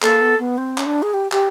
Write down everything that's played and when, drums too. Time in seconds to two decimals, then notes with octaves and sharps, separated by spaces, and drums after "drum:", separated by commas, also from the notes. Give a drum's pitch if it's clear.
0.02 A#3 A4, drum: clap
0.21 B3
0.39 B3
0.58 C4
0.78 C#4, drum: clap
0.86 D4
1.02 G#4
1.14 G4
1.32 G4, drum: clap